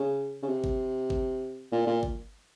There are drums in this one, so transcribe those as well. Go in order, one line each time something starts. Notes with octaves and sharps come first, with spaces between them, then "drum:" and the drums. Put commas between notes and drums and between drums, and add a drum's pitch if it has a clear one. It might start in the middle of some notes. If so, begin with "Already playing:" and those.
Already playing: C#3
C#3
C3
drum: kick G#1
drum: kick G#1
A#2
A#2
drum: kick G#1